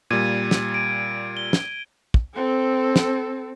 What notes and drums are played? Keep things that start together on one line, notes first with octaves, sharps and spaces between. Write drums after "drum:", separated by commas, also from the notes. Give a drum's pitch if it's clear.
A#2 G3 G#6 D#7
drum: snare
D7 D#7
G7
drum: snare
drum: kick
C4 A4
drum: snare